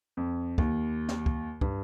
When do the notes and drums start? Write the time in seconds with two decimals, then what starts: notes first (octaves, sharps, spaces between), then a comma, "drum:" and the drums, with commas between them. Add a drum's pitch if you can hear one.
0.17 F2
0.58 D#2, drum: kick
1.09 drum: snare
1.26 drum: kick
1.61 G2, drum: kick